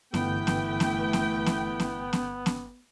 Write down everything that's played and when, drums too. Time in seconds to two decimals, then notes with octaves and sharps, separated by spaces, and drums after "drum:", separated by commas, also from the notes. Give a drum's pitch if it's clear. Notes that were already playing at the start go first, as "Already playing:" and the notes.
0.14 G1 E3 A3 B3 B4 G5, drum: snare B3
0.47 drum: snare B3
0.80 drum: snare B3
1.13 drum: snare B3
1.46 drum: snare B3
1.80 drum: snare B3
2.13 drum: snare B3
2.46 drum: snare B3